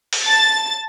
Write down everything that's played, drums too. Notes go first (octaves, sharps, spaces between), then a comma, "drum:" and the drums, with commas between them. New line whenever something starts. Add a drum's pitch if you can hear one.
drum: open hi-hat
A5 A6